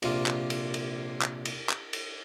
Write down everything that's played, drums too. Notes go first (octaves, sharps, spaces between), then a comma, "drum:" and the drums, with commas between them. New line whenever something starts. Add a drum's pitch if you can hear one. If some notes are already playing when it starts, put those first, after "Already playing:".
A#1 C3 F4, drum: cymbal
drum: clap
drum: cymbal
drum: cymbal
drum: clap
drum: cymbal
drum: clap
drum: cymbal